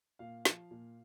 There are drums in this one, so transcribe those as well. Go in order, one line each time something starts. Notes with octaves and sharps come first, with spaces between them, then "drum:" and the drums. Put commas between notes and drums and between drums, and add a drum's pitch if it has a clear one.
A#2 F5
F3, drum: snare
A#2